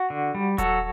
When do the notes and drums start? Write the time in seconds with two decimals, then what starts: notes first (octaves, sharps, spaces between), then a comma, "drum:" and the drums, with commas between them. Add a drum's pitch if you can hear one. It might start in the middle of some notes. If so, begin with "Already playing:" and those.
Already playing: F#4
0.10 D3
0.35 G3
0.58 F#3 F#4 A4, drum: kick D#1, hi-hat